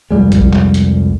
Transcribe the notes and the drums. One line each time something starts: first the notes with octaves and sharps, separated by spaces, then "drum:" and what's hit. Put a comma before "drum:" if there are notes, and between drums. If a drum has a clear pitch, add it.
C2 F2 G3 G#3
drum: kick, hi-hat
drum: clap
drum: hi-hat